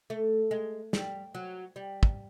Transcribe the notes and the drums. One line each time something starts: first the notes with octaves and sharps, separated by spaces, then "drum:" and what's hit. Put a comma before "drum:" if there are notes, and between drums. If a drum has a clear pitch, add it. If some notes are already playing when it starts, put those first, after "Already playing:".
A3
G#3
G3, drum: snare
F#3
G3
drum: kick